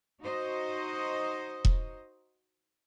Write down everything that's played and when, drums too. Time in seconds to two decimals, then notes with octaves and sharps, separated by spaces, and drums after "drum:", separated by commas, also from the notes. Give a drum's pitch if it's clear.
0.21 D#4 F#4 C5 D#5
1.65 drum: kick E1